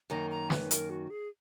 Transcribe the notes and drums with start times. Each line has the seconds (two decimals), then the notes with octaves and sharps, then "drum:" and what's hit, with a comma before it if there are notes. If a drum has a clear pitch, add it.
0.10 F#2 D#3 A#3 A#5
0.30 A#5
0.50 B4, drum: snare
0.71 A#4, drum: hi-hat
0.90 F#4
1.10 G#4